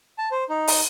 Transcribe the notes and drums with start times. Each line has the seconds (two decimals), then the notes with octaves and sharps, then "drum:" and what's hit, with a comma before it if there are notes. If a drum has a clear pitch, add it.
0.18 A5
0.32 C5
0.49 D#4
0.68 drum: open hi-hat